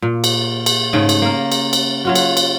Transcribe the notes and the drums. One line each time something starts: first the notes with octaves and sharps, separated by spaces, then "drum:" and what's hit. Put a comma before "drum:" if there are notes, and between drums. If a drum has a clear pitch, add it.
A#2
drum: cymbal
drum: cymbal
G#2 C#3 G#3 A3
drum: cymbal
A#3 A#4
drum: cymbal
drum: cymbal
F#3 F4 F#4
drum: cymbal
drum: cymbal